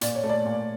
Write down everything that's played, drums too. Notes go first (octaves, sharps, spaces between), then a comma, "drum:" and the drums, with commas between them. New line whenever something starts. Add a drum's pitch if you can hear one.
A#2 D5, drum: hi-hat
C#5
A3
D5
A#2